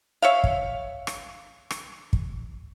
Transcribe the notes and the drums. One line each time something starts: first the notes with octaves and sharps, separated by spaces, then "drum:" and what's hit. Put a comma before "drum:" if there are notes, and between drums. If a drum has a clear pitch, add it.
C#5 E5 F5
drum: kick
drum: rim click
drum: rim click
drum: kick